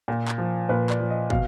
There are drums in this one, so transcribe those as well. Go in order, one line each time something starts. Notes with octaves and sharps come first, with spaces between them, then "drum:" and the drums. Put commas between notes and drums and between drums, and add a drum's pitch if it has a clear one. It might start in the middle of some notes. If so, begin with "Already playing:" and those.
A#2
drum: clap
F3
A#2 B4
D5, drum: clap
F3
D#5
B2 F5, drum: kick